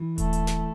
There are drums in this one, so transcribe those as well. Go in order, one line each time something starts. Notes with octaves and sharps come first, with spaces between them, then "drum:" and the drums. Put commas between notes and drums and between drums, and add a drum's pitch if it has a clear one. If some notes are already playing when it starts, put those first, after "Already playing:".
Already playing: E3
A3, drum: kick D#1, hi-hat
drum: hi-hat
drum: snare